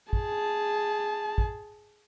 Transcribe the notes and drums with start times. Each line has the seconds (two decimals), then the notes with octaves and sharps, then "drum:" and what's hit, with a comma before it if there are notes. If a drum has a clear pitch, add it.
0.13 G#4 A5, drum: kick
1.38 drum: kick